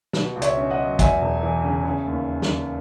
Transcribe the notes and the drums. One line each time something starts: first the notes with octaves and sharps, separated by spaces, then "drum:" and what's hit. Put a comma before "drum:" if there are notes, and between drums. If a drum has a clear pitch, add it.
B2, drum: snare
C#2
C#5 E5, drum: hi-hat
C#4
D#5 F#5
F#3
E2 E5 G#5, drum: kick, hi-hat
E1
E3
C#3
C#3
D#2
drum: snare